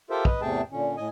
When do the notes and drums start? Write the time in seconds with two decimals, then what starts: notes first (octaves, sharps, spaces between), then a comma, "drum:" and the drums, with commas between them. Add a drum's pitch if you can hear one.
0.10 F4 G4 A4 A#4 C5 E5
0.25 B4 D#5, drum: kick
0.42 E2 C3 A3 G#4 G5 A5
0.72 A#2 D3 C#4
0.97 A2 D#5 G#5